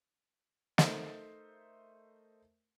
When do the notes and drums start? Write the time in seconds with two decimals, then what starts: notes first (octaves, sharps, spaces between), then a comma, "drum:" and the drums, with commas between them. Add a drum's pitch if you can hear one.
0.78 A3 D#4 A#4 C5 E5, drum: snare